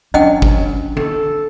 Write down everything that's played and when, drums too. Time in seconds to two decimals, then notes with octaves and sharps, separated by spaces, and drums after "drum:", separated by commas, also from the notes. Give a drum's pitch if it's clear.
0.14 F#3 C#4 D4 D#5 F#5 G5
0.42 drum: kick
0.97 A4, drum: tom